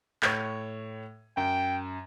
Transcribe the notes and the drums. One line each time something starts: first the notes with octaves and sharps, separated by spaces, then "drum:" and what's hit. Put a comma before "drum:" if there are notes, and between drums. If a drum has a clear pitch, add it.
A2 C#5, drum: clap
F#2 G5